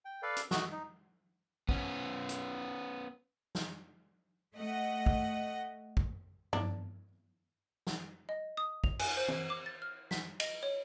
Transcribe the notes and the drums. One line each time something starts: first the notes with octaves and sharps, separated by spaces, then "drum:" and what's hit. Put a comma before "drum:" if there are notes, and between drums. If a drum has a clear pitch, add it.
G5
A4 B4 D5 F5
drum: hi-hat
A3 F#4 D#5 E6 F#6, drum: snare
D#4
B3 C#4, drum: kick
drum: hi-hat
drum: snare
A3 D#5 F#5
drum: kick
drum: kick
D4, drum: tom G2
drum: snare
D#5
D#6
F7, drum: kick
G#5, drum: cymbal
C5
drum: tom
D6
A6
F6
B6, drum: snare
D#5, drum: cymbal
C#5